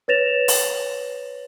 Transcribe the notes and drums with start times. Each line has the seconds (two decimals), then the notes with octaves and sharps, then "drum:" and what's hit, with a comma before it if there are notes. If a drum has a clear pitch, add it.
0.08 B4 C#5 A6 A#6 E7 F7
0.48 drum: open hi-hat